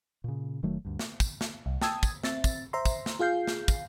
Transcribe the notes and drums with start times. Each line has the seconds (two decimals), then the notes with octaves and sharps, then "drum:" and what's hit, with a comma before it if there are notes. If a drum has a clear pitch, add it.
0.24 A#2 C#3
0.63 F1 D#3 F#3 A3
0.85 D2 G2
0.99 drum: snare
1.20 drum: kick, tambourine
1.41 drum: snare
1.66 C2
1.82 G5 A5 D#6 E6 G#6, drum: snare
2.03 drum: kick, tambourine
2.23 C4 E5 A6, drum: snare
2.44 drum: kick, tambourine
2.73 C5 E5 A#5 C6
2.85 drum: kick, tambourine
3.06 drum: snare
3.19 F4 G#4 F5 G6 C7
3.47 drum: snare
3.68 drum: kick, tambourine